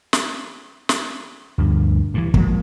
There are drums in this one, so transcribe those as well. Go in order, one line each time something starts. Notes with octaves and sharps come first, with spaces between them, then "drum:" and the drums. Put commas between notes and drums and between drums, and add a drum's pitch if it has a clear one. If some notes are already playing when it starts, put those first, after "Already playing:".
drum: snare
drum: snare
D2 G2
G2 E3
F3 G#3 A#3, drum: kick